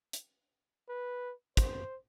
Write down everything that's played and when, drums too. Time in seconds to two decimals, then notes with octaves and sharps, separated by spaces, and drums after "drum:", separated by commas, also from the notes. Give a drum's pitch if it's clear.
0.13 drum: hi-hat
0.89 B4
1.57 C5, drum: kick, hi-hat